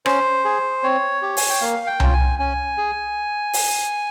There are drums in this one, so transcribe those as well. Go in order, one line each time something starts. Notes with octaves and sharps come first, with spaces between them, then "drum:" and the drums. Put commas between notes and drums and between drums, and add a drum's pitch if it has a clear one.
C#4 C5, drum: rim click
G#4
C4 C#5
G4
G#5, drum: open hi-hat
G5
A#3 F5
G5
C#4 F4, drum: tom C2
G#5
C#4 G#5
G#4
drum: open hi-hat